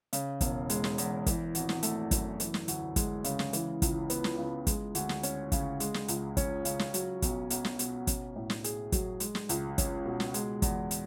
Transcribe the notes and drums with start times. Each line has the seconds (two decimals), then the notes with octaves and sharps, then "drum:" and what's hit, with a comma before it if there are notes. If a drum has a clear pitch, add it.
0.13 C#3, drum: hi-hat
0.41 E1, drum: kick, hi-hat
0.70 G#3, drum: hi-hat
0.84 drum: snare
0.98 E2, drum: hi-hat
1.26 E3, drum: kick, hi-hat
1.55 G#1, drum: hi-hat
1.69 drum: snare
1.83 A3, drum: hi-hat
2.11 F#2, drum: kick, hi-hat
2.40 E3, drum: hi-hat
2.54 drum: snare
2.68 D2, drum: hi-hat
2.96 G#3, drum: kick, hi-hat
3.24 C#3, drum: hi-hat
3.39 drum: snare
3.53 E3, drum: hi-hat
3.82 C#2, drum: kick, hi-hat
4.10 B3, drum: hi-hat
4.24 drum: snare
4.38 C#3
4.67 G#3, drum: kick, hi-hat
4.95 D2, drum: hi-hat
5.09 drum: snare
5.23 C#4, drum: hi-hat
5.52 C#3, drum: kick, hi-hat
5.80 G#3, drum: hi-hat
5.94 drum: snare
6.08 C#2, drum: hi-hat
6.37 C#4, drum: kick, hi-hat
6.65 C#3, drum: hi-hat
6.79 drum: snare
6.94 F#3, drum: hi-hat
7.22 B1, drum: kick, hi-hat
7.50 B1, drum: hi-hat
7.65 drum: snare
7.79 B2, drum: hi-hat
8.07 C#4, drum: kick, hi-hat
8.36 A2
8.50 drum: snare
8.64 G#4, drum: hi-hat
8.92 F#3, drum: kick, hi-hat
9.20 G#3, drum: hi-hat
9.35 drum: snare
9.49 C#2, drum: hi-hat
9.78 C#4, drum: kick, hi-hat
10.06 B2
10.20 drum: snare
10.34 G#3, drum: hi-hat
10.62 E2, drum: kick, hi-hat
10.91 drum: hi-hat